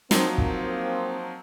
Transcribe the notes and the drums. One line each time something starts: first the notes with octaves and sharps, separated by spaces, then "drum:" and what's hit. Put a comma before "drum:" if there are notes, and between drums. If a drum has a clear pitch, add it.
F3 F#3 A#3 C4 D#4, drum: snare
drum: kick